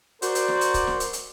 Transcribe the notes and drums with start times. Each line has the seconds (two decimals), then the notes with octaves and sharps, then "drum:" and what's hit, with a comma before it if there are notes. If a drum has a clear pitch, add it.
0.22 F#4 A#4 C5 D5, drum: hi-hat
0.35 drum: hi-hat
0.48 drum: snare
0.61 drum: hi-hat
0.74 drum: kick C#1, hi-hat
0.87 drum: snare
1.00 drum: hi-hat
1.13 drum: hi-hat